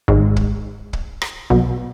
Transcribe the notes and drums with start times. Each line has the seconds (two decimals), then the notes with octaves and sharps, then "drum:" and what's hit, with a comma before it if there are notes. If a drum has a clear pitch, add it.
0.08 G#1 G#2
0.36 drum: kick
0.93 drum: kick
1.22 drum: rim click
1.50 B1 B2